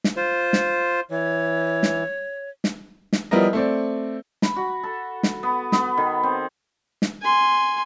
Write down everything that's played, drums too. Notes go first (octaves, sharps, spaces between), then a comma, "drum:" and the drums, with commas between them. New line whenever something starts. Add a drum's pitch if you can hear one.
drum: snare
F4 C5
drum: snare
E3 C#5
drum: snare
drum: snare
drum: snare
F3 G3 B3 E4 A#4 D#5
A3 C4 D5
B5, drum: snare
F#4
A4
drum: snare
B3
B3, drum: snare
D#3
C4
drum: snare
G#5 C6